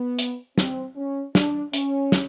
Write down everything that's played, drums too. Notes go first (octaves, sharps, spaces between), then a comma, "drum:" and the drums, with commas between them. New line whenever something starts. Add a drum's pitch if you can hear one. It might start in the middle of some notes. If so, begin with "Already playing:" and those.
Already playing: B3
drum: hi-hat
C4, drum: snare
C#4
D4, drum: snare
C#4, drum: hi-hat
drum: snare